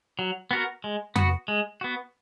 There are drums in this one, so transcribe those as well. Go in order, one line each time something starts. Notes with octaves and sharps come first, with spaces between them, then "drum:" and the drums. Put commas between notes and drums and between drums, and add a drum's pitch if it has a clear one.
F#3
B3 F#4 A#4
G#3
B3 F#4, drum: tom F2
G#3
B3 F#4